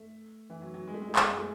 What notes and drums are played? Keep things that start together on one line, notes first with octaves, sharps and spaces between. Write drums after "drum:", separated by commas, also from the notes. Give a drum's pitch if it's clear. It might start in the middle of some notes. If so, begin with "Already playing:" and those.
Already playing: A3
E3
F#3
F#3
G#3
A3
G#3
A3
G#3, drum: clap
A3
G#3
A3